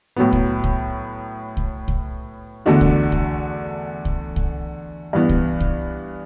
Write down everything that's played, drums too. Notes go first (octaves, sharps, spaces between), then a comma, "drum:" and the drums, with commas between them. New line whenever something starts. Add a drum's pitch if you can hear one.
A2 F#3 B3
drum: kick C2
drum: kick C2
drum: kick C2
drum: kick C2
E2 D3 A3 D4 F#4
drum: kick C2
drum: kick C2
drum: kick C2
drum: kick C2
G2 E3 B3
drum: kick C2
drum: kick C2